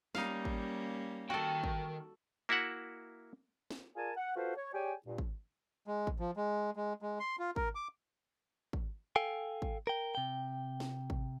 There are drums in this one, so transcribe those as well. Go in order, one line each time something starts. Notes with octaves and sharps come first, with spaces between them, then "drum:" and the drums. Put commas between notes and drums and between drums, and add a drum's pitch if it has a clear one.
G3 A#3 C#4 D#4 F5, drum: snare
drum: kick
D#3 F#4 A4 G5
drum: kick
A#3 E4 F#4 E5 F#5
drum: snare
F4 G#4 A#4 D5 G#5 A5
F#5
F4 F#4 A4 B4 C5
C#5
G4 G#4 C#5 D5 G5 G#5
G2 A#2
drum: kick
G#3
drum: kick
F3
G#3
G#3
G#3
C6
F4
A#4, drum: kick
D6
drum: kick
A4 F5 G5 G#5
drum: kick
A#4 G5
C3 G5
drum: snare
drum: kick